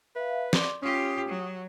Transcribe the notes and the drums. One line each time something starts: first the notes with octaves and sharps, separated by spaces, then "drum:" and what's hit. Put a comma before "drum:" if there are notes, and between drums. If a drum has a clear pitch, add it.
B4 E5 F5
D5 C6 D6, drum: snare
C#4 F4 G4 D#6
F#3